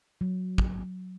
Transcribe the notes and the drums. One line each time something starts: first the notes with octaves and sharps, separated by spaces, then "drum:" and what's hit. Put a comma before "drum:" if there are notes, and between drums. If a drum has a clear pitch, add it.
F#3
drum: kick